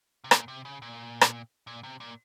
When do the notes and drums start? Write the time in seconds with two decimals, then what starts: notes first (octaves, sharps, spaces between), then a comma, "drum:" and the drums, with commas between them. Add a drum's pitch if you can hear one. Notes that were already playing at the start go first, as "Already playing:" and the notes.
0.24 C3
0.31 A#2, drum: rim click
0.48 C3
0.65 C#3
0.82 A#2
1.21 drum: rim click
1.67 A#2
1.83 C3
2.00 A#2